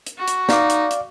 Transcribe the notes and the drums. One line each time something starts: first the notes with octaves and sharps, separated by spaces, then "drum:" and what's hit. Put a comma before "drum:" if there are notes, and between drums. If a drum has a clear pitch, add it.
drum: hi-hat
F#4
drum: hi-hat
D#4 D5 F5 D6, drum: snare
drum: hi-hat
drum: hi-hat